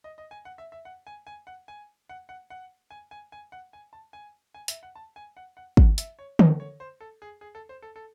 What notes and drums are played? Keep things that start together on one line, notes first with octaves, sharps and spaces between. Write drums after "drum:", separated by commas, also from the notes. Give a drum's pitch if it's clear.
D#5
D#5
G#5
F#5
E5
E5
F#5
G#5
G#5
F#5
G#5
F#5
F#5
F#5
G#5
G#5
G#5
F#5
G#5
A5
G#5
G#5
E5, drum: hi-hat
F#5
A5
G#5
F#5
F#5
F#5, drum: kick
E5, drum: hi-hat
C#5
D#5, drum: tom D3
C#5
C5
A4
G#4
G#4
A4
C5
A4
A4